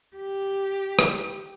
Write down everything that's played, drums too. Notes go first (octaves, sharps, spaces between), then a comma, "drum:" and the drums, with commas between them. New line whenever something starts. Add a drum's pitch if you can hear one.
G4
drum: rim click